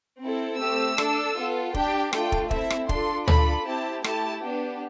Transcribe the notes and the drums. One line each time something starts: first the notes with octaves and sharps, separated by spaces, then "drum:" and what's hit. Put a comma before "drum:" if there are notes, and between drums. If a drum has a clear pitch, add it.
C4 E4 A4
A3 C4 G4 E6
D4 A4, drum: rim click
B3 F4 A4
D4 G4 G5, drum: kick
A3 D4 F4 A4 G5, drum: rim click
drum: kick
C4 E4 A4 E5, drum: kick
drum: rim click
D4 F4 A4 C6, drum: kick
D4 F4 A4 B5, drum: tom
C4 E4 G4 A5
A3 E4 G4 A5, drum: rim click
B3 D4 G4